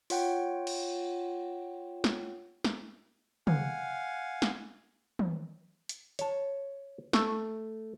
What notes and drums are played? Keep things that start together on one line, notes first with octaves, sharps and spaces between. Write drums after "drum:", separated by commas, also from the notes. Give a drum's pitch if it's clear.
F4 C#5 F#5 G5, drum: open hi-hat
drum: cymbal
drum: snare
drum: snare
F5 F#5 G#5, drum: tom
drum: snare
drum: tom
drum: hi-hat
C#5 A5, drum: hi-hat
A3, drum: snare